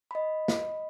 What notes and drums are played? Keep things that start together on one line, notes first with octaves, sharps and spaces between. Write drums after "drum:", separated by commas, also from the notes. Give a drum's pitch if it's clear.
D#5 B5
drum: snare